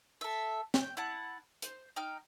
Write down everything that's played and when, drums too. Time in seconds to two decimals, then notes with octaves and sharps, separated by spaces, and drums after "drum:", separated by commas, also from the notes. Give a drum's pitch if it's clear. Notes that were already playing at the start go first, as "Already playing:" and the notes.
0.21 A4 E5
0.74 G5, drum: snare
0.97 E4 F#5 A5
1.62 C5, drum: hi-hat
1.96 D#4 G5 F6